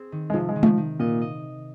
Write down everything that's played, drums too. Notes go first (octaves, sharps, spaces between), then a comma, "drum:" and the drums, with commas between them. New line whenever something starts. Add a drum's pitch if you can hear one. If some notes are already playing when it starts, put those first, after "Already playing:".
Already playing: C4 G#4
D#3
G#3
C3 F3
G#3
D#3
F3, drum: tom G#3
D#3
A#2 D#5
D#5